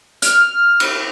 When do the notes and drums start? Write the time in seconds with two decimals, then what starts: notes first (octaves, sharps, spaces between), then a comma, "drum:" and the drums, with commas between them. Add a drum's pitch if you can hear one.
0.22 F6, drum: hi-hat
0.80 drum: cymbal